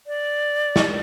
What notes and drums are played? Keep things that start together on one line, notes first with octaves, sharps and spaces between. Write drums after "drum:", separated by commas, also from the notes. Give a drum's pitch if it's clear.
D5
drum: snare